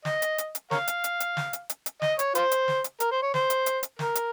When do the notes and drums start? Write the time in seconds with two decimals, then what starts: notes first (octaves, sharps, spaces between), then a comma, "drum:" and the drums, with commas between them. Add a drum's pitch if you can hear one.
0.05 D#5, drum: snare
0.22 drum: hi-hat
0.38 drum: hi-hat
0.55 drum: hi-hat
0.71 A#4 C#5 F5, drum: snare
0.88 drum: hi-hat
1.04 drum: hi-hat
1.20 drum: hi-hat
1.37 drum: snare
1.53 drum: hi-hat
1.70 drum: hi-hat
1.86 drum: hi-hat
2.02 D#5, drum: snare
2.19 C#5, drum: hi-hat
2.35 F4 C5, drum: hi-hat
2.51 drum: hi-hat
2.68 drum: snare
2.84 drum: hi-hat
3.00 A#4, drum: hi-hat
3.11 C5
3.22 C#5
3.34 C5, drum: snare
3.50 drum: hi-hat
3.66 drum: hi-hat
3.83 drum: hi-hat
3.99 A#4, drum: snare
4.15 drum: hi-hat